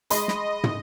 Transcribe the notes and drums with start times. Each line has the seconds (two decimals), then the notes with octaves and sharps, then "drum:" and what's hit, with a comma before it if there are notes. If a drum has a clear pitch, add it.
0.10 G#3 D#5 B5 C6, drum: hi-hat
0.28 drum: snare
0.64 drum: tom